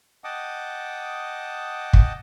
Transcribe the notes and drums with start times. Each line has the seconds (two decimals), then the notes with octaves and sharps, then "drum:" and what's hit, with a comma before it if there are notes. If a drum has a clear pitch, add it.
0.24 D#5 F#5 G5 A5 D6 D#6
1.93 drum: kick